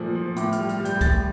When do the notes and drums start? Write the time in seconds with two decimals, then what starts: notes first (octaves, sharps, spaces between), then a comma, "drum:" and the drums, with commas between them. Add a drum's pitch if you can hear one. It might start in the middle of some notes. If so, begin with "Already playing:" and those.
Already playing: A#2 F3 A3
0.15 F3
0.36 A2 D6, drum: hi-hat
0.52 F6, drum: hi-hat
0.58 G3
0.69 F6, drum: hi-hat
0.80 G3
0.85 G6, drum: hi-hat
1.01 G3 A6, drum: kick C2, hi-hat